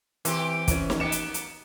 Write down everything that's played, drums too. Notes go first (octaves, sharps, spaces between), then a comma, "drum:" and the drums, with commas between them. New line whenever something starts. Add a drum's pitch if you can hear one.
E3 C4 G4, drum: hi-hat
E3 C#4, drum: kick, hi-hat
drum: snare
A#3 B3 G4 C#7 E7
drum: hi-hat
drum: hi-hat